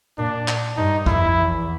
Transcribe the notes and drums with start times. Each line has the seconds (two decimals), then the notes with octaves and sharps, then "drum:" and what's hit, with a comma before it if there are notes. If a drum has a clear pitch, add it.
0.18 A#2 D4
0.48 drum: clap
0.77 G2 D#4
1.06 F2 E4, drum: kick A#1
1.37 E2